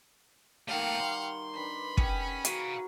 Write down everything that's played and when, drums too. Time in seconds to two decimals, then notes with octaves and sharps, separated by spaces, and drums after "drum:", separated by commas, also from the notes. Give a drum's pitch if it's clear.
0.68 D#3 A3 A#3 G4 F5 F#5
1.00 G3 C6
1.55 D4 B4 B5
1.97 C#4 G#4 F#5 G5, drum: kick
2.45 F#4 A#4 F5 G#5, drum: hi-hat